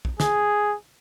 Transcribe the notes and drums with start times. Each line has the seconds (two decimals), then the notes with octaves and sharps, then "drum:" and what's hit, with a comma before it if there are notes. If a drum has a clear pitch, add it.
0.05 drum: kick A#1
0.20 G#4, drum: snare